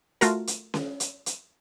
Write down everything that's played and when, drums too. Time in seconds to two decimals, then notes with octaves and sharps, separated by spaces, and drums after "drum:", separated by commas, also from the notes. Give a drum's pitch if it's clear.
0.21 A3 F4 F#4 A#4, drum: hi-hat
0.47 drum: hi-hat
0.74 drum: snare C#4
1.00 drum: hi-hat
1.26 drum: hi-hat